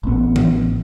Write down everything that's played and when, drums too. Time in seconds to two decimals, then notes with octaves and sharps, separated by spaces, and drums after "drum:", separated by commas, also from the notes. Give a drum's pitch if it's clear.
0.03 A1 B3
0.36 drum: tom E3